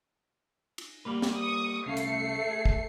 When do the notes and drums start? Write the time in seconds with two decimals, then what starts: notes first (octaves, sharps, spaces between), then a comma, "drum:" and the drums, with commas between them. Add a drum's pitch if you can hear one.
0.78 drum: cymbal
1.05 G3 A#3 B4
1.22 drum: snare
1.37 C#6 D#6
1.86 C2 A3 C#4 F5 C7 C#7
1.97 drum: hi-hat
2.51 G#4
2.65 drum: kick